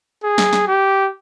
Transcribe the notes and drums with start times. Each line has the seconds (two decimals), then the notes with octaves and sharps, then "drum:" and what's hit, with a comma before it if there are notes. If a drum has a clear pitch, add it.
0.23 G#4
0.38 drum: snare
0.53 drum: snare
0.67 G4